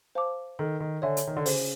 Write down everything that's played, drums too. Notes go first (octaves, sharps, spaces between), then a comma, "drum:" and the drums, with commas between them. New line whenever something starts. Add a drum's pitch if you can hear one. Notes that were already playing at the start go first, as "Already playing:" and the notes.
C5 F5 A5 D6
D#3 A4
D#3
D3 C#5 E5 G#5
drum: hi-hat
D#3
D3
C#3 C5, drum: open hi-hat